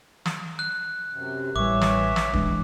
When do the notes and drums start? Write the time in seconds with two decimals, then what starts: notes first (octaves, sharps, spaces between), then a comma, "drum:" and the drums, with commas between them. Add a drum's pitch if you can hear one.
0.25 drum: snare
0.59 F#6
1.12 F#2 C3
1.56 A1 E3 G3 C#5 E5 D6
1.81 drum: snare
2.16 drum: snare
2.33 E3 G#3 D4, drum: kick